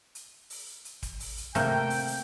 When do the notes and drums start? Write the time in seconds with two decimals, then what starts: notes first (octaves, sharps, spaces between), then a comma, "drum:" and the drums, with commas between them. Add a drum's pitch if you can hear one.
0.15 drum: hi-hat
0.50 drum: open hi-hat
0.85 drum: hi-hat
1.03 drum: kick, hi-hat
1.20 drum: open hi-hat
1.38 drum: hi-hat
1.55 C3 A3 A#3 G5 G6, drum: hi-hat
1.90 drum: open hi-hat
2.08 drum: open hi-hat